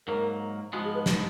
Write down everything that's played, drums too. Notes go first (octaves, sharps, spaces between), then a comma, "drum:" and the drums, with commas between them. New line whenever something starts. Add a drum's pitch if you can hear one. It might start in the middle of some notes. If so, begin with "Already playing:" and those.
G#2 F#3 A#3 A#4
G#2 F3 G#3 B3 F#4
G#4
B4
D#5, drum: snare